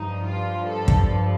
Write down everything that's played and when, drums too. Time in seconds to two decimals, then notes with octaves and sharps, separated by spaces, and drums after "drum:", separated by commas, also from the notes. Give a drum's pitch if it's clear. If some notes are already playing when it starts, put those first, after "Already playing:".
Already playing: G2 F3 D#4
0.25 F4
0.66 A4
0.88 drum: kick